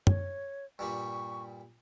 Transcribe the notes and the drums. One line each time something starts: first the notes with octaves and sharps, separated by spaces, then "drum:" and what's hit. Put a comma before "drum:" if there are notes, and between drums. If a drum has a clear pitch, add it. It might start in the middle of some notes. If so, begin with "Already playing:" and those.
C#5, drum: tom
G2 A#2 G3 C#6